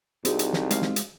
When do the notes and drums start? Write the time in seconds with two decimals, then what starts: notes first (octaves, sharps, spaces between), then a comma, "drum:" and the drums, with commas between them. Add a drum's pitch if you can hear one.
0.25 C2 C4 D#4 F#4 G#4, drum: hi-hat
0.39 drum: hi-hat
0.53 drum: snare
0.71 G#3 F5, drum: hi-hat
0.82 drum: snare
0.96 drum: hi-hat